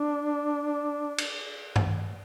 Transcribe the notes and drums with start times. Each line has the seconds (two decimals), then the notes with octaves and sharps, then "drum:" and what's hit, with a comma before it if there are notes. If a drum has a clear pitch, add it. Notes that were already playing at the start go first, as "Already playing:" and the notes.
Already playing: D4
1.18 drum: cymbal
1.76 drum: tom G2